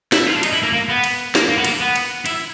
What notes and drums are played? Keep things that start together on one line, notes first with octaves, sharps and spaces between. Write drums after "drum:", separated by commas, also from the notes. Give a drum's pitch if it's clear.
E4, drum: snare
F4
D4
D#4, drum: cymbal
E4
A#3
A#3
B3
drum: cymbal
A#3, drum: snare
A#3
B3
A#3, drum: cymbal
B3
drum: cymbal
E4, drum: cymbal